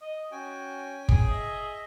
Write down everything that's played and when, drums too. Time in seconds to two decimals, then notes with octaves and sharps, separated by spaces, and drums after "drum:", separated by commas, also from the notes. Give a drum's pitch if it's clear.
0.02 D#5
0.32 C#4 F#4 G5 G#5
1.09 G#4, drum: kick G1
1.30 D#5 E5